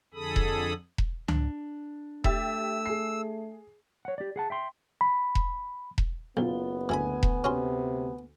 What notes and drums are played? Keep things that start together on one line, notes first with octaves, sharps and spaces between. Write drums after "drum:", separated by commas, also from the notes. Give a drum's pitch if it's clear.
F2 D3 G#4 A4 B5 D#6
drum: kick E1
drum: kick E1
D4, drum: tom C#2
A3 G4 E5 E6 A6, drum: kick E1
G#4 C7
C#5 F#5
G4 D5
G#4 F#5 A5
E5 G5 C6
B5
drum: kick E1
drum: kick E1
F#1 B1 B3 F4 G7
D2 E3 E4 G#5 B5
drum: kick E1
C3 C#4 F#4 C6